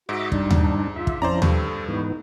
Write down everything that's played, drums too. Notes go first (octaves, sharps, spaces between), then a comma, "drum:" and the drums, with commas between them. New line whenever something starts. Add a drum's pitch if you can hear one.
G#2 F#4 D#5 E5 D6
G2 G3 D4 D#4, drum: kick
drum: tom D#2
F4 E5
drum: kick
F2 F3 C#4 E4 C5 D5 A#5
G2 G3 A4, drum: tom D#2
G#2 E3 B3 D#4